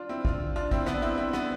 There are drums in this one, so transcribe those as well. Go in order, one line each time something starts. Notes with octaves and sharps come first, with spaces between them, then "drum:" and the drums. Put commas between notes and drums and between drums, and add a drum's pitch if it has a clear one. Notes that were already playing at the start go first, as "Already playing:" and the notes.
Already playing: D4 F4
C4 E4
D4 F4, drum: kick
D4 F4
C4 E4, drum: kick
B3 D4, drum: rim click
C4 E4
C4 E4
B3 D4, drum: rim click